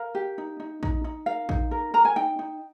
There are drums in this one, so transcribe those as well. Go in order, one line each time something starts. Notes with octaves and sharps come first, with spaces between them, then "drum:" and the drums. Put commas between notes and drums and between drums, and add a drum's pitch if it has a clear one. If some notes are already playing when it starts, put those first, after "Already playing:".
Already playing: A#4 F5
G4
D#4
D#4
D#4, drum: kick A#1
D#4
A#4 F5
D#4, drum: kick A#1
A#4
A#4 A#5
G#5
D#4 G5
D#4